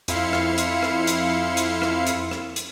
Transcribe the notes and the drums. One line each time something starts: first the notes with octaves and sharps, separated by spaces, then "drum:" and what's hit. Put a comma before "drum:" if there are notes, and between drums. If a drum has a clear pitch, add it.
F2 E4 F5 C6 C#7, drum: hi-hat
drum: rim click
drum: hi-hat
drum: rim click
drum: hi-hat
drum: hi-hat
drum: rim click
drum: hi-hat
drum: rim click
drum: hi-hat